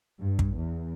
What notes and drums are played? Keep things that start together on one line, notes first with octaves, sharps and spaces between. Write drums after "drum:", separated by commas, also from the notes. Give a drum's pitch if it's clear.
G2
drum: kick
E2